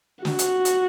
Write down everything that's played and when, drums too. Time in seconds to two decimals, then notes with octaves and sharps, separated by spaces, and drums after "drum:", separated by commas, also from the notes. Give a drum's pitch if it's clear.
0.25 F#4, drum: snare
0.39 drum: hi-hat
0.65 drum: hi-hat